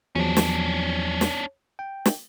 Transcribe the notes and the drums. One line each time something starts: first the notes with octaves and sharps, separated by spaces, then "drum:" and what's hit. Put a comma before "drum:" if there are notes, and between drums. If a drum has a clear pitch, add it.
E2 F3 F#3 C#4 D4
drum: snare
drum: snare
G5
drum: snare